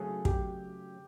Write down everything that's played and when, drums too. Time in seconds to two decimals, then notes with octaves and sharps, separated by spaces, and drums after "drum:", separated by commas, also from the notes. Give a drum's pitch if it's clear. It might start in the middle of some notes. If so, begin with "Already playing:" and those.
Already playing: C#3 F#3 A3 C#4 G#4 A4
0.25 G4, drum: kick